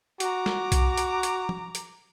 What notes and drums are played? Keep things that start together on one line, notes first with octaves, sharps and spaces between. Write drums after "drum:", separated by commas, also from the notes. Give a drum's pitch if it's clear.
F#4 A#5 D6, drum: hi-hat
drum: snare
drum: kick B1, hi-hat
drum: hi-hat
drum: hi-hat
drum: tom
drum: hi-hat